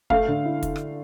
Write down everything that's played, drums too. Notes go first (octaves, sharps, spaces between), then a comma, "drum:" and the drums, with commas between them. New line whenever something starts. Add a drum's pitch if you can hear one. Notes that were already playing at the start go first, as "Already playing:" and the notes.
A3 F5, drum: kick
D3
E4
drum: kick, hi-hat
drum: rim click